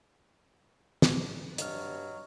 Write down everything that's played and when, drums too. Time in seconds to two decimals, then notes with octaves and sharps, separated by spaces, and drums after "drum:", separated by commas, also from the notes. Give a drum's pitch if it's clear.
1.02 drum: snare
1.58 G2 F#3 D#5 F6, drum: hi-hat